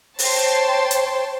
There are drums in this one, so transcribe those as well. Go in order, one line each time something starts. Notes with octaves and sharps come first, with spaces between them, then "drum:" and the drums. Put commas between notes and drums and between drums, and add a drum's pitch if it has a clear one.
C5 C#5 G5 A5 C6, drum: open hi-hat
drum: hi-hat